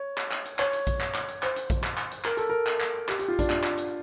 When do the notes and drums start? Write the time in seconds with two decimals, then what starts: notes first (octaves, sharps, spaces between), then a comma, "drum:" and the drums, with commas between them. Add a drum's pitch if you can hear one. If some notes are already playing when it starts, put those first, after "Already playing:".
Already playing: C#5
0.18 drum: clap
0.32 drum: clap
0.45 drum: hi-hat
0.59 C#5, drum: clap
0.73 drum: hi-hat
0.87 drum: kick A#1, hi-hat
1.01 drum: clap
1.15 drum: clap
1.28 drum: hi-hat
1.43 C5, drum: clap
1.56 drum: hi-hat
1.70 drum: kick A#1, hi-hat
1.84 drum: clap
1.98 drum: clap
2.11 drum: hi-hat
2.25 A#4, drum: clap
2.37 A4, drum: hi-hat
2.50 A#4
2.67 drum: clap
2.81 drum: clap
3.09 G4, drum: clap
3.19 G4, drum: hi-hat
3.28 F4
3.39 D4, drum: kick A#1, hi-hat
3.50 D4, drum: clap
3.64 drum: clap
3.77 drum: hi-hat